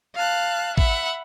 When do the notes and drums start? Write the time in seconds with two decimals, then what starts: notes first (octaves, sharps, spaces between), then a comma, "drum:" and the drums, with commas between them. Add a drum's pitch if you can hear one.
0.15 F5 A5 F#6
0.78 E5 F#5 B5, drum: kick